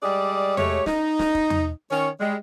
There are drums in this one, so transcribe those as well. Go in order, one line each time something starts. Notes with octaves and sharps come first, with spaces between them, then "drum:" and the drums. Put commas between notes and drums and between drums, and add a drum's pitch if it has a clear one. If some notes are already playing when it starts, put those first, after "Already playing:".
G3 G#3 G#4 D5
G#3 A3 G4 C#5, drum: tom E2
D#4, drum: snare
drum: snare
drum: kick
drum: tom E2
D#3 C#4 C#5
G3 G#3